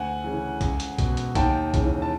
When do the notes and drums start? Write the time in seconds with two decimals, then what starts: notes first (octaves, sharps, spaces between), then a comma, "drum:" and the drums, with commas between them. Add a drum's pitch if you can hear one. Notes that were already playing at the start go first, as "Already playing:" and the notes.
Already playing: D2 F#5 G#5
0.24 C#3 E3
0.61 C#2, drum: kick B1, hi-hat
0.80 drum: hi-hat
0.98 B2, drum: kick B1, hi-hat
1.17 drum: hi-hat
1.35 D#2 G5 A5, drum: kick B1, hi-hat
1.74 C#3 E3, drum: kick B1, hi-hat
2.02 A5